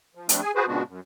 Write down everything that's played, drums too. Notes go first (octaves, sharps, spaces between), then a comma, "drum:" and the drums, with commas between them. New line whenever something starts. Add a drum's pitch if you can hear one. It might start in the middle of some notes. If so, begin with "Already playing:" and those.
F3
F3 G3 A3 C4 D4, drum: hi-hat
G#4 G#5
F#4 G#4 B4 C5
A#2 C#3 G#3 B3 D4 F#4
F#2